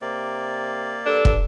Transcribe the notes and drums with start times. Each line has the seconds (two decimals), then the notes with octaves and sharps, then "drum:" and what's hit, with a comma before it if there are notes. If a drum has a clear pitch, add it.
0.02 C3 A#3 D5
1.06 G2 D4 A4
1.25 drum: kick